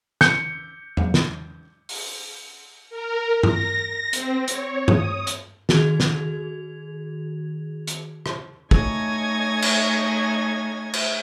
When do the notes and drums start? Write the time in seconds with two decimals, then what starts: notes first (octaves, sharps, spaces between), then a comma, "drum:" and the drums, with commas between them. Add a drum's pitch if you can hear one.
0.21 G6 C#7, drum: snare
0.97 drum: tom E2
1.14 drum: snare
1.89 drum: open hi-hat
2.90 A#4
3.43 A#6, drum: tom G2
4.13 C4, drum: hi-hat
4.48 C#5, drum: hi-hat
4.88 D#6, drum: tom G2
5.27 drum: hi-hat
5.69 D#3 F#4 G#4 G#6 F7, drum: snare
6.00 drum: snare
7.87 drum: hi-hat
8.26 drum: rim click
8.71 A3 D#4 C#5 G#5 G#6 A#6, drum: kick
9.62 drum: cymbal
10.93 drum: cymbal